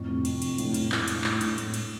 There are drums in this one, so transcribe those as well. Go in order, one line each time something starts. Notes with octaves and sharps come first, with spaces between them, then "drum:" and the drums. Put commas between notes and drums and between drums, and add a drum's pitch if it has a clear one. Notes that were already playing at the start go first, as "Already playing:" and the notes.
Already playing: F2 A2 C#6
C3
F2, drum: cymbal
F2, drum: cymbal
A2, drum: cymbal
A2, drum: cymbal
A2, drum: clap
A2, drum: cymbal
A2, drum: clap
A2, drum: cymbal
A2, drum: cymbal
A2, drum: cymbal